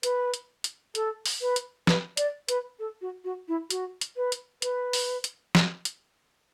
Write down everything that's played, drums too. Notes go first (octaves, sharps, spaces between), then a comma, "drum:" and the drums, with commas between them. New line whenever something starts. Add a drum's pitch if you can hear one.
B4, drum: hi-hat
drum: hi-hat
drum: hi-hat
A4, drum: hi-hat
drum: open hi-hat
B4
drum: hi-hat
B4, drum: snare
D5, drum: hi-hat
B4, drum: hi-hat
A4
F#4
F#4
E4
F#4, drum: hi-hat
drum: hi-hat
B4
drum: hi-hat
B4, drum: hi-hat
drum: open hi-hat
drum: hi-hat
drum: snare
drum: hi-hat